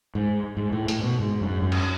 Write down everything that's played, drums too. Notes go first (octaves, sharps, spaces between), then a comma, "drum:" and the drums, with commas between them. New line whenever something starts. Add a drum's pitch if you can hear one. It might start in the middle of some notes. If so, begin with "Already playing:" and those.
G#2
G#2
A2
A2, drum: hi-hat
B2
G#2
F#2
F#2
drum: cymbal